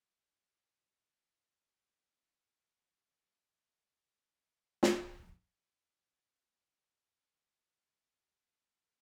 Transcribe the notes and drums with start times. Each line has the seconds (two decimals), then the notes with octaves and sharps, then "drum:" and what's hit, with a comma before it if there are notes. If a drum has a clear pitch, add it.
0.16 F2 G#2 D3
0.65 A2 C3 D#3 G#3
1.26 G#1
1.67 A2 C3
2.04 F1 F2 G3
3.07 G4 A4 C5 D5 F5
4.83 drum: snare
7.61 C4
7.83 F2